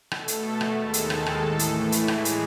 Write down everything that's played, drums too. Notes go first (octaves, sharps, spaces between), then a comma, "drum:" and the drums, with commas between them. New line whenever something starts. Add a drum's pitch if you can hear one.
B2 A3 A4, drum: rim click
drum: hi-hat
drum: rim click
D#2 D#3 G#3 A4
drum: hi-hat
drum: rim click
drum: rim click
A2 E3 A3
drum: hi-hat
drum: hi-hat
A2 E3 G#3 G#4, drum: rim click
drum: hi-hat